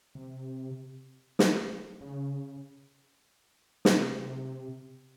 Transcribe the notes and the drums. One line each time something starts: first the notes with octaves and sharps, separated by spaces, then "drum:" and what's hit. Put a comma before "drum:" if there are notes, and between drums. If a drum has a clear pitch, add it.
C3
drum: snare
C#3
C3, drum: snare